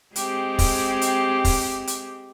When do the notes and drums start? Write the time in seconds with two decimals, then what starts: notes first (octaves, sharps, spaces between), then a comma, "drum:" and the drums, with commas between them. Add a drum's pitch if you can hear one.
0.16 G#3 C4 G4, drum: hi-hat
0.59 drum: kick, open hi-hat
1.02 drum: hi-hat
1.44 drum: kick, open hi-hat
1.87 drum: hi-hat